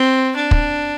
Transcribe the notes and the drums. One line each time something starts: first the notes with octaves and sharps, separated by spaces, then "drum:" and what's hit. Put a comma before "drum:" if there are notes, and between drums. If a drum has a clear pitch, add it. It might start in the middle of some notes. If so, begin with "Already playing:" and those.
Already playing: C4
D4
drum: kick